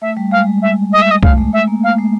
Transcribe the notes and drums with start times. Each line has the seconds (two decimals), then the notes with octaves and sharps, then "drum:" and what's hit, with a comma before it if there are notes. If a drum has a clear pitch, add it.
0.01 A3 E5
0.17 G3
0.31 G#3 F5
0.47 G3
0.62 E5
0.92 D#5
1.01 E5
1.11 D#5
1.23 A3 F5, drum: kick
1.38 G#3
1.53 A3 E5
1.67 A#3
1.83 A3 F5
1.99 G#3